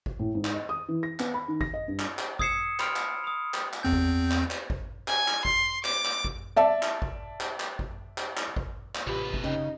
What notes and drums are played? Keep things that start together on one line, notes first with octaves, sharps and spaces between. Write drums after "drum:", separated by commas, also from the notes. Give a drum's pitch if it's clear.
drum: kick G#1
A2
G#2
drum: clap
D#5
D#6
E3
A#6
B3, drum: clap
B5
D#3
A#6, drum: kick G#1
D#5
G2
drum: clap
drum: clap
D#6 E6 G#6 C7 C#7 E7, drum: kick G#1
B5 C6 F6 C7 D7, drum: clap
drum: clap
B5 D#6
drum: clap
drum: clap
E2 C4 G6
drum: kick G#1
drum: clap
drum: clap
drum: kick G#1
G#5, drum: clap
drum: clap
C6, drum: kick G#1
D6, drum: clap
drum: clap
drum: kick G#1
D5 E5 A5
drum: clap
drum: kick G#1
drum: clap
drum: clap
drum: kick G#1
drum: clap
drum: clap
drum: kick G#1
drum: clap
A1 C3 F4 G4 B4
drum: kick G#1
C#3 C#4 D#4 G5